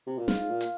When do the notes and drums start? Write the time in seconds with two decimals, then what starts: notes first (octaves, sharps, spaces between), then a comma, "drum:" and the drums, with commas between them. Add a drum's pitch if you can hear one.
0.07 C3
0.18 A#2
0.28 G#2 F4, drum: snare
0.39 G#2
0.50 A#2
0.61 drum: hi-hat